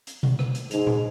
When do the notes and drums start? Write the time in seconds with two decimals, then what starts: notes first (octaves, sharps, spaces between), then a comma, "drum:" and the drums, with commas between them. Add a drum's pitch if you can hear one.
0.07 drum: hi-hat
0.23 drum: tom B2
0.39 drum: rim click
0.55 drum: hi-hat
0.71 G#2 D#4 F7, drum: hi-hat
0.87 drum: tom A#2